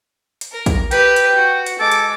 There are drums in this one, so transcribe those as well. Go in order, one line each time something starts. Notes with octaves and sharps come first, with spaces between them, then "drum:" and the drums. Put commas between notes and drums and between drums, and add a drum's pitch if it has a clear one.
drum: hi-hat
A#4
drum: kick, hi-hat
G4 B4 G5, drum: hi-hat
drum: hi-hat
F#4
drum: hi-hat
G#3 A4 D6
drum: hi-hat